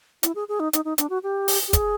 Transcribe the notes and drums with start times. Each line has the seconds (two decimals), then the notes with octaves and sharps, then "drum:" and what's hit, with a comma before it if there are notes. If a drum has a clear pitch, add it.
0.23 E4, drum: hi-hat
0.35 G#4
0.48 G#4
0.60 D#4
0.73 D#4, drum: hi-hat
0.85 D#4
0.98 D4, drum: hi-hat
1.10 F#4
1.23 G4
1.48 drum: open hi-hat
1.68 G4
1.73 G#4, drum: kick, hi-hat